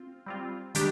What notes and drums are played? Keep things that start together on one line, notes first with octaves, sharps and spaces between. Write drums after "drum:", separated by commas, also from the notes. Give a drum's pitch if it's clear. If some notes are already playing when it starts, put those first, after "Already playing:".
Already playing: C4 F4
G3 C4 F4
D#3 G3 D4 G4, drum: hi-hat